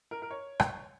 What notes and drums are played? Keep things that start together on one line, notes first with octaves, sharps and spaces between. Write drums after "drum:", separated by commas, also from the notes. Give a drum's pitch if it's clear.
A#4
A#4
C#5
drum: rim click